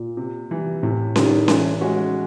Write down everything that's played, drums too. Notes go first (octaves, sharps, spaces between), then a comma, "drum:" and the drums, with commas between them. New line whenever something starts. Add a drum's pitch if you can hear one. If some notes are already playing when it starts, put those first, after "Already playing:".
Already playing: A#2
C3
E3 G3
A2 C3
D#3 G3, drum: snare C#4
E3, drum: snare C#4
G#3 C#4 F#4